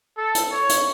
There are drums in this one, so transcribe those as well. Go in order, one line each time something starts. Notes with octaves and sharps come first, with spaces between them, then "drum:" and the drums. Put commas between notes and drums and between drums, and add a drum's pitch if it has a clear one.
A4
drum: hi-hat
C#5
drum: hi-hat